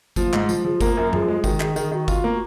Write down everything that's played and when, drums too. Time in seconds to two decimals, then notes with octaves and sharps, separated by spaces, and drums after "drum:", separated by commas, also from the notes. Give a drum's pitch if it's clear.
0.16 F3 A#3, drum: kick G1, tambourine
0.33 G#2, drum: clap
0.49 F3, drum: tambourine
0.64 F3 G#4
0.81 A#3 A#4, drum: kick G1, tambourine
0.96 F#2 A#4
1.13 F3 G#4, drum: tom F#2
1.28 G#3
1.44 D#3 F#4, drum: kick G1, tambourine
1.60 D#3 G#4, drum: clap
1.76 D#3 G#4, drum: tambourine
1.92 D#3 F#4
2.08 F4, drum: kick G1, tambourine
2.24 A#3